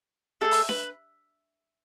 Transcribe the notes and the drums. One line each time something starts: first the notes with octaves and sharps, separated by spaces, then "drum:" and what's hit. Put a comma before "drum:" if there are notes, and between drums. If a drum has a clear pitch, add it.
A3 D4 G#4 A4
drum: open hi-hat
B4, drum: snare D4